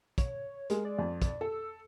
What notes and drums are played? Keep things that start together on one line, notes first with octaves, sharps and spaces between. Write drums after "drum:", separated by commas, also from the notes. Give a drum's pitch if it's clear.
C#5, drum: kick, hi-hat
G#3 A#4, drum: hi-hat
D5
F2
drum: kick, hi-hat
A4 E6